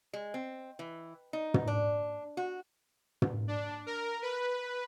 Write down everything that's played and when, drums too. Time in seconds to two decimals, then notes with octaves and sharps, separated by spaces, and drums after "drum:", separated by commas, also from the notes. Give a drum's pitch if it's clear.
0.13 G#3
0.34 C4
0.79 E3
1.33 D#4
1.54 drum: tom
1.67 D4
2.37 F#4
3.22 drum: tom
3.48 D4
3.86 A#4
4.22 B4